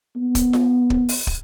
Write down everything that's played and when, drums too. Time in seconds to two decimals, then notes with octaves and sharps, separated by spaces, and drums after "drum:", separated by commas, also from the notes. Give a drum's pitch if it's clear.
0.16 B3
0.35 drum: kick, hi-hat
0.53 drum: snare F4
0.90 drum: kick
1.09 drum: open hi-hat
1.27 drum: kick